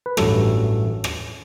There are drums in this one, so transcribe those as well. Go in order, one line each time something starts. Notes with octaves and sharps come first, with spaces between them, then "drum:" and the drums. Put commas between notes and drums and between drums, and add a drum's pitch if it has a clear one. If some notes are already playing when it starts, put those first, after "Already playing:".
B4
A1 G2 F#3 A3 A4, drum: rim click
drum: rim click